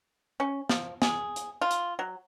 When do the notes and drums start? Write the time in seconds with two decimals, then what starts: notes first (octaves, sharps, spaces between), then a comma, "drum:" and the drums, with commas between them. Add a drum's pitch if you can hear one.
0.40 C#4
0.69 F3, drum: snare
1.02 G#4, drum: snare
1.36 drum: hi-hat
1.62 F4
1.71 drum: hi-hat
1.99 F#3